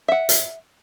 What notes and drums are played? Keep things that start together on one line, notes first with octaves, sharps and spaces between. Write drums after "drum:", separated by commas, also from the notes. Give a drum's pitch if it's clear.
E5 F#5
drum: hi-hat